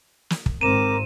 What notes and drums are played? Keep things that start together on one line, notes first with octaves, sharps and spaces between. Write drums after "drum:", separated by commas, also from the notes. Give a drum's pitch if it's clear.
drum: snare
drum: kick
G#1 C4 A#4 A#5 D6 D#7 E7